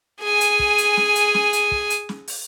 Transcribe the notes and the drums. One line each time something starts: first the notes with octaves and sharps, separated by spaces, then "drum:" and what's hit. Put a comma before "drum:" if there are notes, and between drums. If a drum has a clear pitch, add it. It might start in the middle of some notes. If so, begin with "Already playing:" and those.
G#4 G#5
drum: hi-hat
drum: kick
drum: hi-hat
drum: snare
drum: hi-hat
drum: snare
drum: hi-hat
drum: kick
drum: hi-hat
drum: snare
drum: open hi-hat